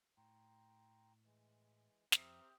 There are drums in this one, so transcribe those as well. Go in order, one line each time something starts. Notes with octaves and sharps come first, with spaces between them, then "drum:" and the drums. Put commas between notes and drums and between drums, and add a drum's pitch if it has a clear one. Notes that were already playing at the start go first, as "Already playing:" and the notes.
A2 G5 A#5 C6
E3 G#3
F2 C4 G4 C5 E5 A#5 D#6 F6, drum: snare